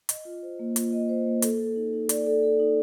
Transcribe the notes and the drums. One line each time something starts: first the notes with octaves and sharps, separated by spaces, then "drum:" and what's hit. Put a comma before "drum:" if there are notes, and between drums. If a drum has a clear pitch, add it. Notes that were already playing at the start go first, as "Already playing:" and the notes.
D#5, drum: hi-hat
F4
C5
A#3
F4, drum: hi-hat
D#5
C5
A#3
A4, drum: hi-hat
A4
D#4
D#4
D5, drum: hi-hat
A4
A4
D#4